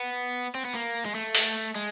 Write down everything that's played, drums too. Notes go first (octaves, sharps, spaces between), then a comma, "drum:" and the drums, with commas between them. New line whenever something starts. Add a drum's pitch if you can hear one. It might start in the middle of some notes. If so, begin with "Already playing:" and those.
Already playing: B3
C4
B3
A#3
G#3
A3
drum: open hi-hat
G#3